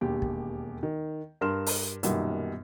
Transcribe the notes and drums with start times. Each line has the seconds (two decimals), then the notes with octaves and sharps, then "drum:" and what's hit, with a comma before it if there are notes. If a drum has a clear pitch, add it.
0.01 E1 D#2 G4
0.22 drum: kick
0.83 D#3
1.41 G2 A#4 C6 F6 E7
1.66 drum: open hi-hat
2.03 B1 F#2 A#2 D#3 G3 B3, drum: hi-hat